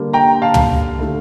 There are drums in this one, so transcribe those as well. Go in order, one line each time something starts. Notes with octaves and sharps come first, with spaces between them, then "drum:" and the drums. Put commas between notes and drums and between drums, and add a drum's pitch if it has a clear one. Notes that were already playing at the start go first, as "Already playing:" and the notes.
Already playing: D3 G3 A#3
G5 A#5
F5 A5
drum: tom
D3 A3